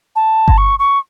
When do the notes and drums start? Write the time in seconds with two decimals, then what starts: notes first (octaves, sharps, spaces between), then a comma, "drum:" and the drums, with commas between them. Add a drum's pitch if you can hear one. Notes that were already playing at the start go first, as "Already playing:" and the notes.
0.15 A5
0.48 drum: kick G1
0.57 C#6
0.79 C#6